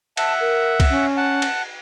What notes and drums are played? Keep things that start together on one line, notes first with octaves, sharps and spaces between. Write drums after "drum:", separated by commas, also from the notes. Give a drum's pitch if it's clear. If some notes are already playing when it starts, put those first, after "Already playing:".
E5 F#5 A5, drum: cymbal
A#4
drum: kick C2, cymbal
C#4
F#5 A5
drum: cymbal